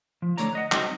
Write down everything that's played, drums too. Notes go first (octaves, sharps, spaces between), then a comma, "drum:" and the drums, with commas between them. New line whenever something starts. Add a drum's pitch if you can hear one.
F3
D3 A3 C#5 D5 A#5, drum: hi-hat
B4 D#5 F#5
F#3 G3 C4 D#4 F#4 D#5, drum: clap